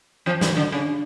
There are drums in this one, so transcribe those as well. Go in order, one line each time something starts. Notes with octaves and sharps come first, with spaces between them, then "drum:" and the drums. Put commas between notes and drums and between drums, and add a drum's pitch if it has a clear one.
F2 F3
E2 E3, drum: snare
D3
C#3